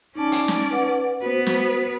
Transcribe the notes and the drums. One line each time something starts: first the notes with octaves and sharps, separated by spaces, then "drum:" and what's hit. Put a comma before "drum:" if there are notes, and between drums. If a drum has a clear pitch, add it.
C#4 D#4 D5 A5
drum: hi-hat
drum: snare
B4 F#5
B3 F#4 B4 C5
drum: snare